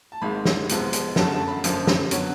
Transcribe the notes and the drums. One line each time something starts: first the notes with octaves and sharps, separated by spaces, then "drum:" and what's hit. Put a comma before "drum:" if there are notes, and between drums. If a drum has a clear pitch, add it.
A5
G#1 G#2 G#3 B5
drum: snare
F1 F2 F3 G#3 B3, drum: hi-hat
drum: hi-hat
F#2 D3 F#3 A3 A5, drum: snare
A5
B5
G#1 F#2 D3 F3, drum: hi-hat
drum: snare
D3 F#3 B3 C#5, drum: hi-hat